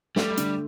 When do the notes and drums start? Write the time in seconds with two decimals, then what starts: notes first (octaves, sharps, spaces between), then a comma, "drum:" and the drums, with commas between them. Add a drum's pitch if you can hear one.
0.16 G3 A3, drum: snare
0.37 D3, drum: hi-hat